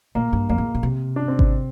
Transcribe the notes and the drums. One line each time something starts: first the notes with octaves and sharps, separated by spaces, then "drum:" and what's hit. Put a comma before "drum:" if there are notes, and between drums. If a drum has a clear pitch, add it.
A#2 A#3
G2
F2 A#3
A2
A#2
C3
D4
C4
C4, drum: kick G#1